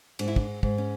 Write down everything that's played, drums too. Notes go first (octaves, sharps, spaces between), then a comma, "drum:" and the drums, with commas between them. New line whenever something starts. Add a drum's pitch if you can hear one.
G#2 D4, drum: cymbal
E4
D4, drum: kick
G#2, drum: kick
C#4